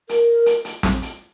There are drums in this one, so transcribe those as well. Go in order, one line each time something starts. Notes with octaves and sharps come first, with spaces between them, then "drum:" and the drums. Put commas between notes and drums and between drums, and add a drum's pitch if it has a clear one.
A#4, drum: hi-hat
drum: hi-hat
drum: hi-hat
drum: snare
drum: hi-hat